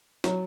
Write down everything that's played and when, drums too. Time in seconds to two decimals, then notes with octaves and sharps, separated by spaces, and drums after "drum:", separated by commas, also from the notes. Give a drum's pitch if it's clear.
0.24 F#3, drum: snare